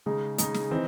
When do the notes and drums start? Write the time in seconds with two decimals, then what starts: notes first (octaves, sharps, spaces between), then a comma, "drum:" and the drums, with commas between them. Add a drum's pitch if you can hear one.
0.06 C#3 G#3 D#4
0.38 C#3 G#3 D#4, drum: hi-hat
0.54 drum: snare
0.71 E3 C4 D#4